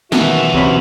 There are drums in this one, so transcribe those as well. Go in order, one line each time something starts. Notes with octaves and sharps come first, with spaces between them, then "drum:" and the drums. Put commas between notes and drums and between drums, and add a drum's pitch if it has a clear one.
B1 D#3 E3 F#4 E5, drum: snare
C#2 C3 C4 C#4 B5